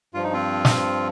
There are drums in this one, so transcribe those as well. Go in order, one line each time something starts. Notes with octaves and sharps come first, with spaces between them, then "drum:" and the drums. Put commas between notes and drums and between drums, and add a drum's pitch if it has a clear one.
G2 F3 F4
D#4
C4 F4
drum: snare